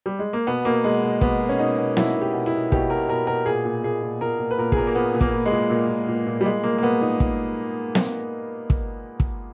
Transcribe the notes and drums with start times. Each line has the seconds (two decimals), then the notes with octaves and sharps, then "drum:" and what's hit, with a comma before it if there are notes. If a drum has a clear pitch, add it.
0.06 G3
0.19 G#3
0.33 A#3
0.47 B2 B3
0.65 B2 A#3
0.84 B2 G#3
1.04 B2
1.21 B2 B3, drum: kick
1.40 B2
1.49 C#4
1.59 B2 D#4
1.78 B2
1.97 B2 E4, drum: snare
2.16 B2
2.21 G4
2.34 B2
2.46 E4
2.53 B2
2.72 B2 G4, drum: kick
2.90 B2 A#4
3.09 B2 A#4
3.27 B2 A#4
3.46 A#2 G#4
3.65 A#2
3.84 A#2 G#4
4.02 A#2
4.21 A#2 A#4
4.39 A#2
4.51 B4
4.58 A#2 A#4
4.72 G#4, drum: kick
4.77 A#2 A#4
4.87 A#3
4.95 A#2 B3
5.14 A#2
5.21 A#3, drum: kick
5.34 A#2
5.46 G#3
5.52 A#2
5.70 A#2
5.89 A#2
6.08 A#2
6.27 A#2
6.41 G3
6.46 A#2 G#3
6.63 A#2 A#3
6.78 A#3
6.83 A#2 B3
7.02 A#2 D#4
7.20 drum: kick
7.95 drum: snare
8.70 drum: kick
9.20 drum: kick